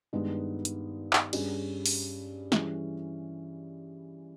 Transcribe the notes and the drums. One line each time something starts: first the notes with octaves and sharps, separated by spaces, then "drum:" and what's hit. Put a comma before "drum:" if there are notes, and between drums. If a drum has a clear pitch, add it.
G2 D#3 G#3 B3 D#4
drum: hi-hat
drum: clap
G2 G3 C#4 G#4, drum: cymbal
drum: open hi-hat
E3 G3 C#4 G#4, drum: snare